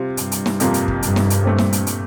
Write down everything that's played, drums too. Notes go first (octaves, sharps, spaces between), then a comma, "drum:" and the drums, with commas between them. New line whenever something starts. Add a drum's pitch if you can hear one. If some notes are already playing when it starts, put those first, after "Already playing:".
Already playing: C3 G3 C4 F4
G2, drum: hi-hat
drum: hi-hat
drum: snare
F2 C3 F3 A#3 F4, drum: hi-hat
drum: hi-hat
drum: kick
G2, drum: hi-hat
drum: snare
drum: hi-hat
A#2 A3 C4 G4
drum: snare
drum: hi-hat
drum: hi-hat